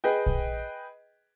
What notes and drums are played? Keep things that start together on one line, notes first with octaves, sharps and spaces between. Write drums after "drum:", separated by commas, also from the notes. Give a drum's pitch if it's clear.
G#4 B4 D#5 G5
drum: kick A#1